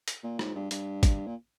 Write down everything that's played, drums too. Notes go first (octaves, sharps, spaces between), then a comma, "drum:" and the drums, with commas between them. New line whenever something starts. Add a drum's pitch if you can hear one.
drum: hi-hat
A#2
G#2, drum: rim click
G2
G2, drum: hi-hat
drum: kick, hi-hat
A#2